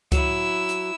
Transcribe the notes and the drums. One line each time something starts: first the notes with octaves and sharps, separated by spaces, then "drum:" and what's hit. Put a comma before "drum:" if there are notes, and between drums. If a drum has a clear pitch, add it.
F#3 E4 E6, drum: kick C#2, hi-hat
drum: hi-hat